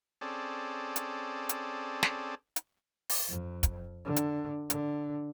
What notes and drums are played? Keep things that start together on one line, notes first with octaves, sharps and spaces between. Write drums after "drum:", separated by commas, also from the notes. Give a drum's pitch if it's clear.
C4 C#4 G#4 A4 D5
drum: hi-hat
drum: hi-hat
drum: snare
drum: hi-hat
drum: open hi-hat
F2
drum: kick, hi-hat
D3
drum: hi-hat
D3, drum: hi-hat